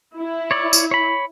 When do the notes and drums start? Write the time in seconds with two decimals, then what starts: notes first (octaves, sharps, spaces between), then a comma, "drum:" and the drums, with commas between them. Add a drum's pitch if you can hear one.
0.18 E4
0.51 C#5 D5
0.73 drum: tambourine
0.91 C#5 B5